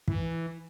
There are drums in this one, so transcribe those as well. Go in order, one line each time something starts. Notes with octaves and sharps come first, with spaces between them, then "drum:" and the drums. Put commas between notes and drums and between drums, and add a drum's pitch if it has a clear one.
E3, drum: kick